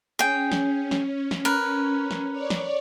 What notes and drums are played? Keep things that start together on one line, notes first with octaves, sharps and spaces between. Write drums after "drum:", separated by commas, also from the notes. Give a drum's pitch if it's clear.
C#4 G#4 G5
drum: snare
drum: snare
drum: snare
A#4 B4
drum: snare
C#5 D5
drum: snare